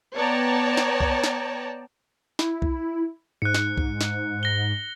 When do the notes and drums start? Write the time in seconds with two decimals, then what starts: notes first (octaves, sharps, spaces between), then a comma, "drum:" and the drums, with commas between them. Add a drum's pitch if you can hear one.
0.14 B3 C#5 D5 G5 A5 A#5
0.77 drum: snare
1.00 drum: kick B1
1.24 drum: snare
2.39 E4, drum: snare
2.62 drum: kick B1
3.42 G#2 F#6 C#7
3.54 drum: snare
3.78 drum: kick B1
4.01 drum: snare
4.43 A#6 G7